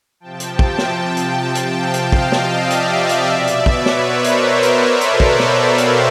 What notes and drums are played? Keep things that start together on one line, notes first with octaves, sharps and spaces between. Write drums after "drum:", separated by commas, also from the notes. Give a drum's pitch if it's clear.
C3 F3 G5 A5
drum: hi-hat
drum: kick
drum: snare
drum: hi-hat
drum: hi-hat
F5 G5
drum: hi-hat
D#5 F5, drum: kick
drum: snare
D5 E5
drum: hi-hat
drum: hi-hat
B2 D5 E5
drum: hi-hat
B4 C#5, drum: kick
drum: snare
A#4 C5
drum: hi-hat
drum: hi-hat
A4 B4
drum: hi-hat
D5 E5, drum: kick
drum: snare
F5 G5
drum: hi-hat